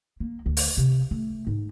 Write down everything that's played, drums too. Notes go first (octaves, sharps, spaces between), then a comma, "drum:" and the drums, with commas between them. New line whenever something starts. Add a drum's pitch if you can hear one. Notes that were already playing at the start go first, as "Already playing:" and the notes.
A#3
D2
drum: open hi-hat
C3
A3
G#2